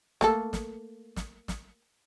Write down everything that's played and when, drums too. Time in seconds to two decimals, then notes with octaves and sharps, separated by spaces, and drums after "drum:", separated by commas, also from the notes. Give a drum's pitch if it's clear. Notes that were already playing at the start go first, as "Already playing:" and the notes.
0.21 A3 A#3 A4, drum: snare
0.53 drum: snare
1.16 drum: snare
1.48 drum: snare